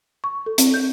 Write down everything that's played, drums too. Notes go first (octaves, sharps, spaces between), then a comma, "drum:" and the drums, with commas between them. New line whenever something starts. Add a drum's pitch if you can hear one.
C#6
A4
C4, drum: hi-hat
G6